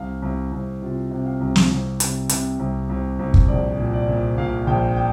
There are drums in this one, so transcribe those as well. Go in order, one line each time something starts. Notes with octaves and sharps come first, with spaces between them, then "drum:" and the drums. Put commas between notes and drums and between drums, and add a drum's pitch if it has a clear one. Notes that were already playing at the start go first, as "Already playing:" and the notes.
Already playing: C2 F5
C2
C2
C3 F4
C3
F5
C2
drum: snare
C2
C3, drum: hi-hat
C3, drum: hi-hat
C2
C2
C2
drum: kick
A#1 D5
A#2
D5
A#2
A#2 F5
A#1 G5
G5